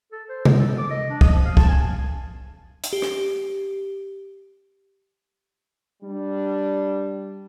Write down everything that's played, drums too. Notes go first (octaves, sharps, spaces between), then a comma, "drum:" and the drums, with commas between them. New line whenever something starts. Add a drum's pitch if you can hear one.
A4
C5
B3, drum: tom C3
A4
D6
D#5
D4
D#6, drum: kick
F3
F5
A5, drum: kick
G#5
drum: hi-hat
G4
drum: rim click
G3 D4